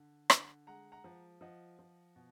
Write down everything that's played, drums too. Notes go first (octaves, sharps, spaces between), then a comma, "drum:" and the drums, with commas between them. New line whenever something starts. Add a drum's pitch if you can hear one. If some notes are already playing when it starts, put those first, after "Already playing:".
Already playing: D3
D3, drum: rim click
G#3 F#5 A#5
F#5 A#5
F3
F3 D#5 F#5
F3
B2